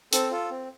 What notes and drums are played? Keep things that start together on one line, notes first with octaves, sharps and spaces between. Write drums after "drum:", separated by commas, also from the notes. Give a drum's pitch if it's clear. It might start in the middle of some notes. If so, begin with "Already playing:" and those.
C4 A4, drum: hi-hat
F4 A4
C4